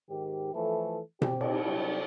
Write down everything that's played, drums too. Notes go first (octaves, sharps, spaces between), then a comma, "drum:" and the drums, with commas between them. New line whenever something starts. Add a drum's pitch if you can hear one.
G#2 D#3 G4
E3 F3 A3 E4 A4
C4 G4, drum: tom B2
drum: cymbal
C3 F#3 G3 D4 E4